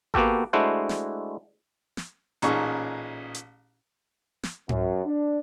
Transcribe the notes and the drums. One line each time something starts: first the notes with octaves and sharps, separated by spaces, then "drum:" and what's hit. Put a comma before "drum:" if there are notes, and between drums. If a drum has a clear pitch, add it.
A#3 B3 F#4 G4 A4, drum: kick G#1
G#3 A3 D4 E4 F#4 C5
drum: snare
drum: snare
A1 A#2 C#4 D#4 G#4 C#6, drum: hi-hat
drum: hi-hat
drum: snare
F#2, drum: tom G#2
D4